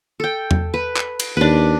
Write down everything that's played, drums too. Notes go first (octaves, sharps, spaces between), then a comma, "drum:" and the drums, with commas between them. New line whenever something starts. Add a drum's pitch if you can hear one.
A4 G5
drum: tom E2
B4
drum: clap
drum: cymbal
D#2 D4 B4